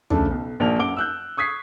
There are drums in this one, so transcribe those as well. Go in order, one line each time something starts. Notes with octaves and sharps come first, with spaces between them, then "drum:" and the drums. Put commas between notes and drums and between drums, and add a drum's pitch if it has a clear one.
C#3 F3 A3 D4, drum: tom
B1
A#1 F3 A#3 D5 F7
F#2 F#5 D6 D7 G7
E6 F#6 G6
C#6 D#6 G#6 B6 C7